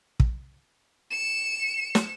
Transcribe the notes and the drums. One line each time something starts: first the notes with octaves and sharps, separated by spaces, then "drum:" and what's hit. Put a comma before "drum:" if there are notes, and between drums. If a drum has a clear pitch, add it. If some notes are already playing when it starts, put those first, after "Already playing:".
drum: kick
C#7 E7
drum: snare